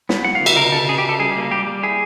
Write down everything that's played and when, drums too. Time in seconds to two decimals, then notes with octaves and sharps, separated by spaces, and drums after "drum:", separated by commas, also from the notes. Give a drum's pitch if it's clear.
0.09 B3, drum: snare
0.25 F#3 F#5
0.35 F5
0.41 D3
0.46 E5, drum: cymbal
0.56 C#3 A#4
0.72 C#3 A4
0.88 C#3 G#4
0.98 G4
1.04 C#3
1.09 A4
1.19 G3 G#4
1.36 A#3
1.51 G3 G4
1.67 G3
1.83 E4 G#4